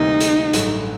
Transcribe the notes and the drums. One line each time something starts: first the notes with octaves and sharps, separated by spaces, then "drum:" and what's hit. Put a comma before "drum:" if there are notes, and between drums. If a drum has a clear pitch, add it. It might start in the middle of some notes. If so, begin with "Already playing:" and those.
Already playing: D2 C3 E3 G3 A#3 D#4
drum: hi-hat
A1 G2 D3 F#3 A3, drum: hi-hat